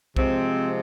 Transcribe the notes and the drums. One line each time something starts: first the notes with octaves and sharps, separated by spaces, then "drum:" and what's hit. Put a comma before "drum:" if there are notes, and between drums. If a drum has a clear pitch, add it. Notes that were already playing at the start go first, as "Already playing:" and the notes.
C3 F3 G#3 C4, drum: kick B1